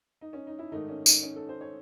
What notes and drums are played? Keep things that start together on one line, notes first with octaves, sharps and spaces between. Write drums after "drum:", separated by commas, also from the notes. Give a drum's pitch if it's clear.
D#4
C#4
D#4
E4
G#2 D#3 A3 D#4
C#4
D#4, drum: tambourine
C#4
A4
C5
C#5